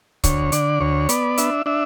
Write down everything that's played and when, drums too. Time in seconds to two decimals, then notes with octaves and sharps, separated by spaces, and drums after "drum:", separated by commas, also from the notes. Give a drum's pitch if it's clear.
0.24 D2 C#5, drum: kick C#1, hi-hat
0.52 D3 D5, drum: hi-hat
0.81 D2 C#5
1.09 B3 D5, drum: hi-hat
1.38 D4 E5, drum: hi-hat
1.66 D4 E5